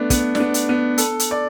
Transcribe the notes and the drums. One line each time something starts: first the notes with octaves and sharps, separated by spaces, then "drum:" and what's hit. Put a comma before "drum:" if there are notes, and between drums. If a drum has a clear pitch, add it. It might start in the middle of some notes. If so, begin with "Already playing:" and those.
Already playing: A3 B3 D4
B3, drum: kick, hi-hat
D4, drum: snare
B3
drum: hi-hat
B3
A4, drum: hi-hat
drum: hi-hat
D5